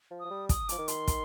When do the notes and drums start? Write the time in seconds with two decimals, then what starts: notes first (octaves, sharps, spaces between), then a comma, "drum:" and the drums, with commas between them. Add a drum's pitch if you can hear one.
0.11 F3
0.20 D#6
0.25 F3
0.30 G3
0.49 D#6, drum: kick, hi-hat
0.69 F3 D6, drum: hi-hat
0.79 D#3
0.88 C6, drum: hi-hat
1.07 drum: kick, hi-hat